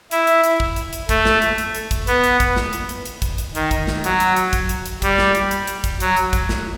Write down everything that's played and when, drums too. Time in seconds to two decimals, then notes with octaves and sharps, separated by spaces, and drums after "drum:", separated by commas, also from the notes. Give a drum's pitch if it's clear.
0.11 E4, drum: hi-hat
0.27 drum: hi-hat
0.44 drum: hi-hat
0.60 drum: kick
0.76 drum: hi-hat
0.93 drum: hi-hat
1.09 A3, drum: kick, hi-hat
1.25 drum: snare
1.42 drum: hi-hat
1.58 drum: hi-hat
1.75 drum: hi-hat
1.91 drum: kick, hi-hat
2.07 B3, drum: hi-hat
2.24 drum: hi-hat
2.40 drum: kick, hi-hat
2.56 drum: snare
2.73 drum: hi-hat
2.89 drum: hi-hat
3.05 drum: hi-hat
3.22 drum: kick, hi-hat
3.38 drum: hi-hat
3.55 D#3, drum: hi-hat
3.71 drum: kick, hi-hat
3.87 drum: snare
4.04 F#3, drum: hi-hat
4.20 drum: hi-hat
4.36 drum: hi-hat
4.53 drum: kick, hi-hat
4.69 drum: hi-hat
4.86 drum: hi-hat
5.02 G3, drum: kick, hi-hat
5.18 drum: snare
5.35 drum: hi-hat
5.51 drum: hi-hat
5.67 drum: hi-hat
5.84 drum: kick, hi-hat
6.00 F#3, drum: hi-hat
6.17 drum: hi-hat
6.33 drum: kick, hi-hat
6.49 drum: snare